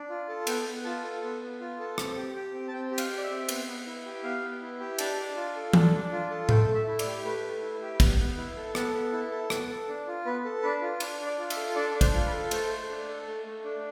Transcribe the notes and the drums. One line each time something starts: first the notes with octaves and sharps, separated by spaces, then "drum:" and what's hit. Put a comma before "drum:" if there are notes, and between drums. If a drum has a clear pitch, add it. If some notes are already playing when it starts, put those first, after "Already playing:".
Already playing: D4
F4
A4
B3 G5, drum: cymbal
B3
F4 A5
A4
B3
B3
F4
A4
C4, drum: rim click
G4
G4
C4
A5
C4 G5
G4
F5, drum: cymbal
G4
D5
E5
C4
B3, drum: cymbal
B3
E4
G4
B3 F5
B3
E4
G4
D4 A5, drum: cymbal
D4
F4
A4
D4, drum: tom E3
D4
F4
A4
A3 G5, drum: tom A2
A3
E5
E4
D5, drum: cymbal
G4
A3 B4
A3
E4
G4
B3, drum: kick, cymbal
B3
E4
A4
B3 A4, drum: rim click
B3
E4
A4
B3, drum: rim click
A4
D4
F4
B3 B4
A4
D4 B4
F4
D4, drum: cymbal
D4
D5
F4
E5, drum: cymbal
A4
D4 D5
D4
C5, drum: kick, cymbal
F4
B4
A4
A3 C5, drum: cymbal
A3
D4
A4
A3
A3
D4